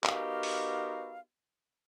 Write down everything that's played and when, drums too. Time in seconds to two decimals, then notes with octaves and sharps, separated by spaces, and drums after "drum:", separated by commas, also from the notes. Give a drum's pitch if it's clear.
0.04 B3 D#4 F#4 G4 A#4 F5, drum: clap
0.43 drum: open hi-hat